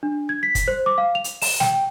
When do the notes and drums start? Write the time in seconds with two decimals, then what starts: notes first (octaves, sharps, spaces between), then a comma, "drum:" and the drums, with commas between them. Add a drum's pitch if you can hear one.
0.03 D4
0.29 G#6
0.43 B6
0.55 drum: kick, hi-hat
0.68 C5
0.86 D6
0.98 F5
1.15 F7
1.24 drum: hi-hat
1.42 E7, drum: open hi-hat
1.60 G5, drum: snare